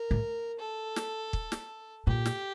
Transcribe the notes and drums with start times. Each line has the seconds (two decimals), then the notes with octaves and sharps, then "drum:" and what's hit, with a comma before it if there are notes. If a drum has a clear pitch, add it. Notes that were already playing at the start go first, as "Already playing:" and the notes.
Already playing: A#4
0.11 A2
0.59 A4
0.96 drum: snare
1.33 drum: kick
1.52 drum: snare
2.07 A#2 G4
2.26 drum: snare